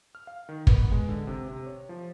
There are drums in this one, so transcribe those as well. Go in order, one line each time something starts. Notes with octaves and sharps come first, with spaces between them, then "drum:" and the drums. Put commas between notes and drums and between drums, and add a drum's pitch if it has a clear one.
F6
F5
D#3
B3, drum: kick
G#3
D3
C3
C3
C#5
F3